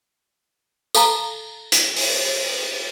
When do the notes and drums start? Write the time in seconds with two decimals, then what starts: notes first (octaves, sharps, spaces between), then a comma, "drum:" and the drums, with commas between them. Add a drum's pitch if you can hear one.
0.95 A4 F5 A5 A#5, drum: tambourine
1.72 drum: hi-hat
1.96 drum: open hi-hat